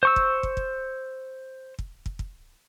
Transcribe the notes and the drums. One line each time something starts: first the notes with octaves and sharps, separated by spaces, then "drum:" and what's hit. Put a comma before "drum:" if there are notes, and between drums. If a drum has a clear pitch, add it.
C5 C#6 E6
drum: kick
drum: kick
drum: kick
drum: kick
drum: kick
drum: kick